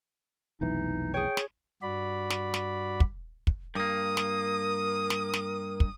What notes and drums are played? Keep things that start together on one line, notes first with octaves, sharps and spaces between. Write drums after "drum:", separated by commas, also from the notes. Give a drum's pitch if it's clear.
F1 B1 E3 D#4
G#4 C#5 G5
drum: snare
G2 F#4 D5 B5
drum: snare
drum: snare
drum: kick
drum: kick
G2 A#3 A#4 D#6
drum: snare
drum: snare
drum: snare
drum: kick